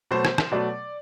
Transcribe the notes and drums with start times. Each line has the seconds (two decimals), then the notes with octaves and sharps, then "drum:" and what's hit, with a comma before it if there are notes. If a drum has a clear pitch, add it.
0.11 B2 F#3 A3 C5
0.25 drum: rim click
0.38 drum: rim click
0.52 B2 F#3 A3 D5